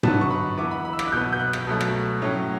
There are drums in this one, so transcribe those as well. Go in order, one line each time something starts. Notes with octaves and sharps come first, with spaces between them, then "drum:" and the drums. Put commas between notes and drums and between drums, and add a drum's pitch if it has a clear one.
D3 F#3 B3 A5, drum: tom
C#6
B5
E3 B3 E4 D6
B5
B5
E6
D6, drum: rim click
F#6
B2 F#3 B3 G6
G6
F#6
drum: rim click
B2 F#3 A3
drum: rim click
A2 F#3 C#4